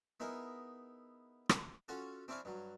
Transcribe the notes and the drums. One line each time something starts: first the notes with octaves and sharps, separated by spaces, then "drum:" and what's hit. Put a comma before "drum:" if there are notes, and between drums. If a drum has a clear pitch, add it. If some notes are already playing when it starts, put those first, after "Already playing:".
B3 D#4 E4 G#4 A#4
drum: rim click
C#4 F4 F#4 A4
C4 D4 E4 C#5 F5 G#5
G2 F#3